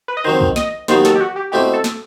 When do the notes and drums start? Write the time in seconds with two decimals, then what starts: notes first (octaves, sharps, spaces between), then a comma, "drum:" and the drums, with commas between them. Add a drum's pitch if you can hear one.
0.08 B4
0.17 D#5
0.25 D#3 F#3 C4 C5
0.41 drum: kick
0.56 D#5, drum: snare
0.88 D#2 D#3 F#3 B3 C5, drum: snare
1.05 A4, drum: snare
1.15 G4
1.21 F#4
1.36 G4
1.52 B2 A3 C4 E4 G4
1.73 A4
1.84 drum: snare